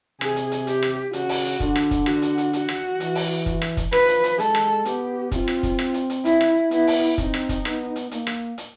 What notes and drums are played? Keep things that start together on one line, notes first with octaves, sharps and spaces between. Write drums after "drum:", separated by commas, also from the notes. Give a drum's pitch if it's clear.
C3 G#4, drum: rim click
drum: hi-hat
drum: hi-hat
G4, drum: hi-hat
drum: rim click
C#3 F#4, drum: hi-hat
drum: open hi-hat
D3, drum: kick, hi-hat
drum: rim click
drum: kick, hi-hat
F#4, drum: rim click
drum: hi-hat
drum: hi-hat
F#4, drum: hi-hat
drum: rim click
E3, drum: hi-hat
drum: open hi-hat
drum: kick, hi-hat
drum: rim click
drum: kick, hi-hat
F3 B4, drum: rim click
drum: hi-hat
drum: hi-hat
G#3 A4, drum: hi-hat
drum: rim click
B3 G4, drum: hi-hat
C4 F4, drum: kick, hi-hat
drum: rim click
drum: kick, hi-hat
drum: rim click
drum: hi-hat
drum: hi-hat
E4, drum: hi-hat
drum: rim click
B3 E4, drum: hi-hat
drum: open hi-hat
C4 D#4, drum: kick, hi-hat
drum: rim click
drum: kick, hi-hat
B3, drum: rim click
drum: hi-hat
A#3, drum: hi-hat
drum: rim click
drum: hi-hat